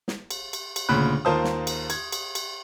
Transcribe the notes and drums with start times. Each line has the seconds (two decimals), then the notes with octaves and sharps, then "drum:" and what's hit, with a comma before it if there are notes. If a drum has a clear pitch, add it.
0.08 drum: snare
0.31 drum: cymbal
0.53 drum: cymbal
0.76 drum: cymbal
0.89 D2 A#2 C#3 B5 F#6
1.25 D#2 F4 A#4 C5 A5 D#6
1.44 drum: snare
1.67 drum: cymbal
1.90 G#6, drum: cymbal
2.12 drum: cymbal
2.35 drum: cymbal